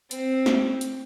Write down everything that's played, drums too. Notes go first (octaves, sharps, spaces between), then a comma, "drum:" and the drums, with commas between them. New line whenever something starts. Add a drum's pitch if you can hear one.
C4, drum: hi-hat
drum: snare
drum: hi-hat